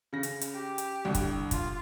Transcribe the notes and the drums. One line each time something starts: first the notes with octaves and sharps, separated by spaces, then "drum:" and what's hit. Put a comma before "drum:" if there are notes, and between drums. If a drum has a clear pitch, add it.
C#3 A#6
drum: hi-hat
drum: hi-hat
G4
drum: hi-hat
C2 D3
drum: kick, hi-hat
F4, drum: kick, hi-hat